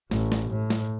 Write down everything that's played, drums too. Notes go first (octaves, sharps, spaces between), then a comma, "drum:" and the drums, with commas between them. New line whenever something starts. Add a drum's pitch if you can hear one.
A1, drum: snare
drum: snare
A2
drum: snare